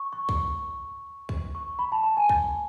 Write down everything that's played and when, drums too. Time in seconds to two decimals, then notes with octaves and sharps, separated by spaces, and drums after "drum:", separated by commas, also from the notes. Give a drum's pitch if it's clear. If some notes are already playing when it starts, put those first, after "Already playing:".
Already playing: C#6
0.13 C#6
0.29 drum: kick B1
1.29 drum: kick B1
1.55 C#6
1.79 B5
1.92 A5
2.04 A5
2.17 G#5
2.29 drum: kick B1